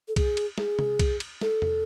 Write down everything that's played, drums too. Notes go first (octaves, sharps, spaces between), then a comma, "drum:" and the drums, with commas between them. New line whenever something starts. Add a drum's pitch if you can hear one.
A4
G#4, drum: kick B1, cymbal
drum: cymbal
G#4, drum: snare
drum: tom C3
drum: kick B1, cymbal
drum: cymbal
A4, drum: snare
drum: tom E2